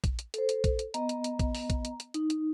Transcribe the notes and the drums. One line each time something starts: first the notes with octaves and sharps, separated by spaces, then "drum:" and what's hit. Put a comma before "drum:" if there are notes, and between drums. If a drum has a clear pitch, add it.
drum: kick A#1, hi-hat
drum: hi-hat
A4 C5, drum: hi-hat
drum: hi-hat
drum: kick A#1, hi-hat
drum: hi-hat
B3 D#5 A#5, drum: hi-hat
drum: hi-hat
drum: hi-hat
drum: kick A#1, hi-hat
drum: open hi-hat
drum: kick A#1, hi-hat
drum: hi-hat
drum: hi-hat
D#4, drum: hi-hat
drum: hi-hat